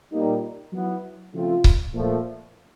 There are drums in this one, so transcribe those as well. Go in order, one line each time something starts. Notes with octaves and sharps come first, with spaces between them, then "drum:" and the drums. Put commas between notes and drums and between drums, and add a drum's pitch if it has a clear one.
A#2 G3 A#3 D#4
F#3 B3 E4
C#3 F3 A3 C4 F4
drum: kick C#1
A#2 F3 A3